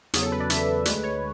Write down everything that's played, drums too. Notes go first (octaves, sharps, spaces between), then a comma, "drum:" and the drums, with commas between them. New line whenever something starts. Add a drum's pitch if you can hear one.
E2 C#3 F#3 G#4, drum: hi-hat
A4
B4
D5
E5, drum: hi-hat
D2 D3 G#3 B4, drum: hi-hat
C#5